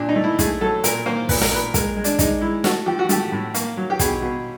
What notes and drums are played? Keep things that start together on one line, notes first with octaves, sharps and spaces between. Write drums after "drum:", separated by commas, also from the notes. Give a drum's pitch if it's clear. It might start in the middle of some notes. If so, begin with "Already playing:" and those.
Already playing: A#2 D4
D#4
A3
E4
A3 G#4, drum: kick, hi-hat
F#3 A4
A#2 A#4, drum: hi-hat
A#3 C5
A#2 B4, drum: kick, open hi-hat
A#4, drum: snare
A#2 B4
G#3 A#4, drum: kick, hi-hat
G#3
D4, drum: hi-hat
G#3 D#4, drum: kick, hi-hat
G#3 E4
A3 F#4, drum: snare
F3 G4
F#4
A3 G4, drum: hi-hat
A2
A#3, drum: hi-hat
F#3
G4
B2 G#4, drum: kick, hi-hat
B2